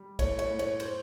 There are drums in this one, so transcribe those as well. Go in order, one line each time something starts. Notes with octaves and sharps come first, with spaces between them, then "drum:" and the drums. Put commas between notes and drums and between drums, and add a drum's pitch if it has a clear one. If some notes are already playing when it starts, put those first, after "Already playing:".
Already playing: G3
A2 C#5, drum: kick, cymbal
C#5, drum: cymbal
A2
C#5, drum: cymbal
C5, drum: cymbal